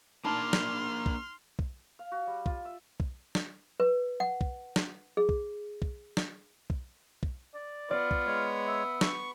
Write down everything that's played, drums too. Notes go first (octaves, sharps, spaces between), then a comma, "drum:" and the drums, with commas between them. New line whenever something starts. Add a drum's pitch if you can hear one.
A#3 D4 D#4 D5 A5 B5 C6 F6
drum: snare
drum: kick
drum: kick
F5
F#4
G3
F4, drum: kick
E5
drum: kick
drum: snare
B4
F#5
drum: kick
drum: snare
G#4
drum: kick
drum: kick
drum: snare
drum: kick
drum: kick
D5
B3 F4 D5
drum: kick
G#3 C#5
E5
C#6, drum: snare